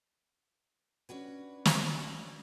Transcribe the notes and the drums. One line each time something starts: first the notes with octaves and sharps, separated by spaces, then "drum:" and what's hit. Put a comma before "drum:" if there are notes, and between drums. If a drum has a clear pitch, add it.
C#4 D4 F#4 B4
drum: snare